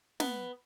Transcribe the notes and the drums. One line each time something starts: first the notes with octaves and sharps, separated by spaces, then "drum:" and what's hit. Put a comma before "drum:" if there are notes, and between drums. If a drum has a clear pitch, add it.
B3, drum: snare